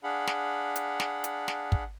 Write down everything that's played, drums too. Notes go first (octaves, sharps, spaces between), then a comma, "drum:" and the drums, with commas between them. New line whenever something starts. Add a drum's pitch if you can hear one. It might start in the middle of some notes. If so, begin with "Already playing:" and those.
D4 G#4 F5 F#5 B5
drum: snare
drum: hi-hat
drum: snare
drum: hi-hat
drum: snare
drum: kick